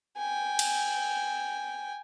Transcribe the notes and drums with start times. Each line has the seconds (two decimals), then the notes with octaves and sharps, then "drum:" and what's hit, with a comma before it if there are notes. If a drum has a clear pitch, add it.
0.17 G5 G#5
0.59 drum: cymbal